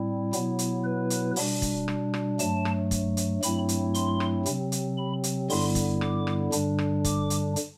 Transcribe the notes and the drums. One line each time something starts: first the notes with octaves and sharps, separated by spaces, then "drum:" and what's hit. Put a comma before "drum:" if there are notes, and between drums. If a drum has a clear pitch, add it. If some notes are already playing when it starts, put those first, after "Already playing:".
Already playing: A2 G3 C4 E4
B2 F#3 B3 E4, drum: hi-hat
drum: hi-hat
B4
drum: hi-hat
B2 G3 D4, drum: open hi-hat
drum: kick, hi-hat
drum: rim click
drum: rim click
G2 F#3 A3 A5, drum: hi-hat
drum: rim click
drum: kick, hi-hat
drum: hi-hat
G2 F#3 A3 C4 E4 B5, drum: hi-hat
drum: hi-hat
C6, drum: hi-hat
drum: rim click
C3 F#3 C4, drum: hi-hat
drum: hi-hat
B5
drum: hi-hat
G2 D3 G3 B3 E4 C6, drum: open hi-hat
drum: kick, hi-hat
D6, drum: rim click
drum: rim click
G2 D3 G3 D4, drum: hi-hat
drum: rim click
D6, drum: kick, hi-hat
drum: hi-hat
drum: hi-hat